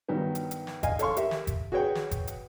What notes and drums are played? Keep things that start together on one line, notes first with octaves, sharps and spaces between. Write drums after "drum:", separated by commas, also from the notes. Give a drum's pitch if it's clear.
G2 D#3 F#3 B3
drum: hi-hat
drum: hi-hat
drum: snare
D#5 F5 G#5, drum: kick G1, hi-hat
A4 C#5 F5 C6 C#6, drum: hi-hat
G4 A#4 E5, drum: hi-hat
drum: snare
drum: kick G1, hi-hat
F#4 G#4 B4 C#5 G5
drum: snare
drum: kick G1, hi-hat
drum: hi-hat